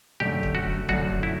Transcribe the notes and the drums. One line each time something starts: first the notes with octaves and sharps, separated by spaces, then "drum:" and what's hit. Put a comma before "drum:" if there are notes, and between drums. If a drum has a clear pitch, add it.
F#2 D3 A3 G4
drum: kick
F#4
F#2 D3 A3 F#4, drum: kick
E4